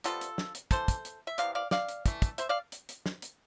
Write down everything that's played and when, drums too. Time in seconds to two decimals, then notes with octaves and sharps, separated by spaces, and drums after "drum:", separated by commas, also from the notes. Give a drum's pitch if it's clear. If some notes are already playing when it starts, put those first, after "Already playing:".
0.04 C3 G3 B3 F4 A4, drum: hi-hat
0.21 drum: hi-hat
0.38 drum: snare
0.55 drum: hi-hat
0.71 E3 A3 A4 C5, drum: kick, hi-hat
0.88 drum: kick, hi-hat
1.05 drum: hi-hat
1.27 E5
1.38 C3 E3 B3 D5 F5, drum: hi-hat
1.55 D5 F5
1.71 D5 F5, drum: snare
1.89 drum: hi-hat
2.06 E3 A3, drum: kick, hi-hat
2.22 drum: kick, hi-hat
2.38 C5 E5, drum: hi-hat
2.49 D5 F5
2.72 drum: hi-hat
2.89 drum: hi-hat
3.06 drum: snare
3.22 drum: hi-hat